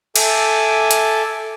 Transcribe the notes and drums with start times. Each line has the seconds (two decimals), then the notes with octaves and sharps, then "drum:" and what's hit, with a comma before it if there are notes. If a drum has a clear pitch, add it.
0.16 A4 E5 G#5 D6, drum: cymbal
0.91 drum: hi-hat